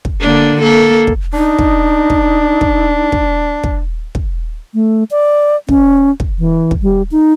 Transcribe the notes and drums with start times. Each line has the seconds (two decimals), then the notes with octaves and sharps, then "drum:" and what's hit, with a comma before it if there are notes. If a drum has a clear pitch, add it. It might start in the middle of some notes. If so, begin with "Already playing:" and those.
0.05 drum: kick
0.21 D3 A#3 D4
0.62 A#3 A4
1.07 drum: kick
1.33 D4 D#4
1.59 drum: kick
2.10 drum: kick
2.61 drum: kick
3.12 drum: kick
3.64 drum: kick
4.15 drum: kick
4.74 A3
5.11 D5
5.69 C#4, drum: kick
6.20 drum: kick
6.39 E3
6.71 drum: kick
6.82 G3
7.11 D#4